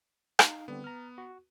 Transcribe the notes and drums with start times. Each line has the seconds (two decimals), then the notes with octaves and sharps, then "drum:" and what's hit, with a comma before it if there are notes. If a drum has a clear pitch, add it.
0.39 D#4 F5, drum: rim click
0.68 D3 G3 B3 C4
0.84 A#5 F6
1.18 F#4